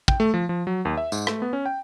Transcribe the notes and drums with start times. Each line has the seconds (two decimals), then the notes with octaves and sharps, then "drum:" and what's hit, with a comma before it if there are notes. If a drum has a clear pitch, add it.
0.08 G5, drum: kick
0.20 A3
0.34 F3
0.49 F3
0.67 F#3
0.85 D#2
0.97 E5
1.12 G#2, drum: tambourine
1.27 A3, drum: rim click
1.42 B3
1.53 C#4
1.66 G5